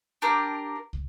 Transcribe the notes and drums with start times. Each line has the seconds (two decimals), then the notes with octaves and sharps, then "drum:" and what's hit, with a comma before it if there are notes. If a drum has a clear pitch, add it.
0.22 D4 G4 A#4
0.93 drum: kick